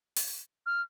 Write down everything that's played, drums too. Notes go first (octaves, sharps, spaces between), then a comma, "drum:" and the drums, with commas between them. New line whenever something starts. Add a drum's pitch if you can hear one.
drum: open hi-hat
F6